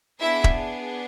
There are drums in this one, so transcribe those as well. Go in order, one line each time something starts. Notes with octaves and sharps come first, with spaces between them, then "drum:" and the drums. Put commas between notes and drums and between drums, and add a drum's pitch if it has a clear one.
B3 D4 E4 G#4 E5
drum: kick E1